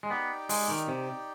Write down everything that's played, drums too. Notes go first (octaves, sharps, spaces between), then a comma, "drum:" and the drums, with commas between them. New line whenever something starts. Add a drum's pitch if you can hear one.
G#3
B3 D#4 G4 D5 G5
G#3, drum: open hi-hat
D#3
C3